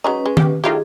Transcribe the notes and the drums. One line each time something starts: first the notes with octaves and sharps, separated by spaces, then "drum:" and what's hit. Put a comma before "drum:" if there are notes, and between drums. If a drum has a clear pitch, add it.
F#3 G#3 C#4 D#4 B4
G#3
G4, drum: tom D#3
E3 F#3 A3 D#4 F4 G4 G#4